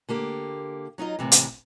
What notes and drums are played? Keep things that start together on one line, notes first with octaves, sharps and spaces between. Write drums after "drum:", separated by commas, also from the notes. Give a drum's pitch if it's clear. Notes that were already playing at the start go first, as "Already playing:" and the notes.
D3 A#3 G4
F#3 D#4 F4 D#5
D#2 A2 C3 E3
drum: hi-hat